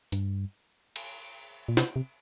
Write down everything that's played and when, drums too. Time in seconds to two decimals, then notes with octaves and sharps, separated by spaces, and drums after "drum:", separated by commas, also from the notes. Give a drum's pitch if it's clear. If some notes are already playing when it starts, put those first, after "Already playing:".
0.12 G2, drum: hi-hat
0.96 drum: cymbal
1.68 A#2
1.77 C3, drum: snare
1.96 C3